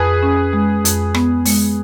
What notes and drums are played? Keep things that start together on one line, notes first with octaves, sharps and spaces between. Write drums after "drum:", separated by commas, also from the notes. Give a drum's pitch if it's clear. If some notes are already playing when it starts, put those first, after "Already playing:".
Already playing: F2 G#4 B4
C#4
G#3
F2, drum: hi-hat
B3, drum: rim click
G#3, drum: open hi-hat